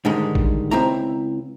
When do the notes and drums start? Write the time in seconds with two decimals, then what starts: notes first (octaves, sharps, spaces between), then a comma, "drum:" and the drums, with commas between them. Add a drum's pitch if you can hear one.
0.05 G#2 D3 D#3 G3 G#3
0.35 drum: kick
0.71 C#2 C4 E4 A#5